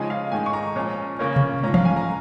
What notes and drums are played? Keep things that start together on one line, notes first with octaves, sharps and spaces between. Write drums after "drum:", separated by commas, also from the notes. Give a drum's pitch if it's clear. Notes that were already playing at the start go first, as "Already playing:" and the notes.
Already playing: C#3 F3 G#3 D#4 G#5
F5
G#2 D#3 G#3 G#5
C#6
A#5
A#2 F3 C#4
C#3 A#3 C#4
drum: tom C3
G#2 F3 C#4 A#5
F5, drum: tom E3
G#5
A#5